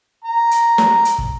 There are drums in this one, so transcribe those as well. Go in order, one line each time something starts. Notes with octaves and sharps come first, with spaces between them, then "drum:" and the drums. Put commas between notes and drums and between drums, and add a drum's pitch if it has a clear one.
A#5
drum: hi-hat
drum: snare
drum: hi-hat
drum: kick